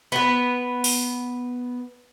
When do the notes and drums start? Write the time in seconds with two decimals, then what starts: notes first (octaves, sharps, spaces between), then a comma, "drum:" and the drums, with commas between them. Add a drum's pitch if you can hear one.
0.12 B3 B4
0.84 drum: open hi-hat